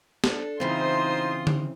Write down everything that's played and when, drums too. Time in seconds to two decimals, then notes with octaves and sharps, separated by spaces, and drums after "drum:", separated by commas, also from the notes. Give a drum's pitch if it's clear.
0.24 D4 A4, drum: snare
0.60 C#3 E3 C4 D#4 F4 C5 C6 D#6
1.47 drum: tom D3